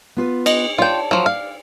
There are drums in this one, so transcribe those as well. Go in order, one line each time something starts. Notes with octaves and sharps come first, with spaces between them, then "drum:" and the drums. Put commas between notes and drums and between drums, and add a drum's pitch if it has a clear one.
B3 F4 B4
D#5, drum: cymbal
F4 C#5 D5 G5 A5
F3 F#3 A#4
D5 F5